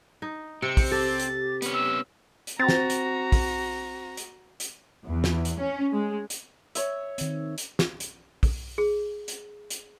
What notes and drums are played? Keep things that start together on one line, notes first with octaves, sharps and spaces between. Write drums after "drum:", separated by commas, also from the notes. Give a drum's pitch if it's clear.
D#4
C3 C4 C#7
drum: kick, open hi-hat
G4 A4 A6
drum: hi-hat
B3 C#4, drum: hi-hat
E6
drum: hi-hat
C4 F#4 A#5 A6
drum: snare
drum: hi-hat
drum: kick, open hi-hat
drum: hi-hat
drum: hi-hat
E2
drum: snare
drum: hi-hat
C#4
G#3
drum: hi-hat
C#5 E5, drum: hi-hat
D#3 C4, drum: hi-hat
drum: hi-hat
drum: snare
drum: hi-hat
drum: kick, open hi-hat
G#4
drum: hi-hat
drum: hi-hat